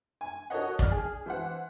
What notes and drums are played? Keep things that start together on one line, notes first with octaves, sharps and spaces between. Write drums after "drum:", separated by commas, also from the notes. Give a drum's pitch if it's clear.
G#5
F#4 A4 A#4 C#5 D#5 F#5
D5 F6, drum: kick
G#4
E3 C5 F#5